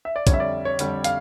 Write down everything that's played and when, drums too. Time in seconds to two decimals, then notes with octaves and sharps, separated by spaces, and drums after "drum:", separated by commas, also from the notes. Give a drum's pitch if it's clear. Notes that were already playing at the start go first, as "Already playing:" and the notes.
0.05 E5
0.16 D5
0.27 F2 D3 G3 C#5, drum: kick B1, hi-hat
0.34 E5
0.40 D5
0.65 C#5
0.79 F2 D3 G3, drum: hi-hat
1.04 F5, drum: hi-hat